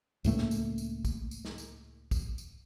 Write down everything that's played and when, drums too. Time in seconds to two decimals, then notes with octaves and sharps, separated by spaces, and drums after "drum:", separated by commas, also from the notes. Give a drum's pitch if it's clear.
0.24 C#2 A2 A3 A#3, drum: tambourine
0.38 drum: snare
0.51 drum: tambourine
0.78 drum: tambourine
1.05 drum: kick, tambourine
1.31 drum: tambourine
1.45 drum: snare
1.58 drum: tambourine
2.11 drum: kick, tambourine
2.38 drum: tambourine